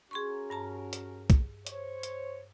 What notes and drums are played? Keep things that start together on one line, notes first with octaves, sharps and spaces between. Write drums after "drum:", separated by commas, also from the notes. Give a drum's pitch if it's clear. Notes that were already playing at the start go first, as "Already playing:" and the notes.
C#4 F#4 G#4 A#4 C6 C#6
G2 A5 A#5
drum: hi-hat
drum: kick, hi-hat
C5 C#5, drum: hi-hat
drum: hi-hat